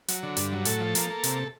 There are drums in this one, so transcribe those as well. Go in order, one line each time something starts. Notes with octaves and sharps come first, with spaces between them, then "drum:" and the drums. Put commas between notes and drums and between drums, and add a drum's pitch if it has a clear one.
F#3, drum: hi-hat
D3
G2, drum: hi-hat
F#3
A2 A4, drum: hi-hat
F3
A#3, drum: hi-hat
A#3
C3, drum: hi-hat